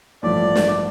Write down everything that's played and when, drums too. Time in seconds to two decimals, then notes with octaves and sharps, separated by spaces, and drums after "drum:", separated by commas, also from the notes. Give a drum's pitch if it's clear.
0.23 A1 G2 F3 A3 D5
0.55 drum: snare